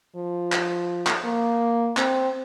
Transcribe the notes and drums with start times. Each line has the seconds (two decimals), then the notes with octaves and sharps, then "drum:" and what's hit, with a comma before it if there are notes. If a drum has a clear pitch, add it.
0.16 F3
0.52 drum: clap
1.07 drum: clap
1.24 A#3
1.97 C4, drum: clap